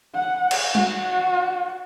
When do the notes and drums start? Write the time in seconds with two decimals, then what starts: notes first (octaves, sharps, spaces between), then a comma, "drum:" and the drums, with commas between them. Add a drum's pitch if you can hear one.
0.15 F#5
0.51 drum: cymbal
0.75 F#4, drum: tom